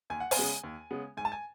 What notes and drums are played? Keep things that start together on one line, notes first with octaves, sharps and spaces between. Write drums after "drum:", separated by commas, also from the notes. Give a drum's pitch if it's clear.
D#2 G#5
F#5
G#5, drum: open hi-hat
C#3 G#3 B3
D#2
C#3 G#3 B3
G#2 G#5
A5
G#5